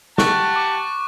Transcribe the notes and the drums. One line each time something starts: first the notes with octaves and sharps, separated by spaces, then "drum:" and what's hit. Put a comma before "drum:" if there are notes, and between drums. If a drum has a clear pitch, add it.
G4 F#5 A5 C#6 F#6, drum: snare
D6